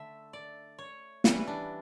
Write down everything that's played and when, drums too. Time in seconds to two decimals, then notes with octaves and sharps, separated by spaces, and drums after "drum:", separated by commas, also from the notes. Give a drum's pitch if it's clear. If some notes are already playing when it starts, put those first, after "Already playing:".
Already playing: D3 A3 E5
0.33 D5
0.78 C#5
1.24 E3 G3 C#4 B4, drum: snare
1.47 D4